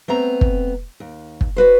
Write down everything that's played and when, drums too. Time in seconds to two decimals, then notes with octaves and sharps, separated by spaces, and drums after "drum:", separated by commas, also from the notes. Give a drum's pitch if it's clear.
0.08 A3 B3 C4 A#5
0.41 drum: kick
1.00 D#2
1.41 drum: kick
1.57 F#4 B4 C5